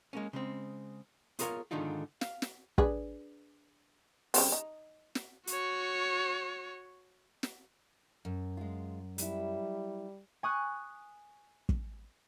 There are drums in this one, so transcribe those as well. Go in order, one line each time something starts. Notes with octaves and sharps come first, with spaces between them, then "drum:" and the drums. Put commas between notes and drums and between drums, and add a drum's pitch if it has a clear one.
G#3 A#3 C#4
C#3 G#3 C4
B3 F4 G#4 A#4 C#5 F5, drum: hi-hat
G#2 D3 D#3 D4 D#4 F4
F5, drum: snare
drum: snare
D4 G#4 B4, drum: kick
C#3 G3 C4, drum: open hi-hat
D#4
drum: snare
F#4 C#5, drum: hi-hat
drum: snare
F#2
G#3 F4
F#3 G3 E4, drum: hi-hat
G#5 C#6 D#6 F#6
drum: kick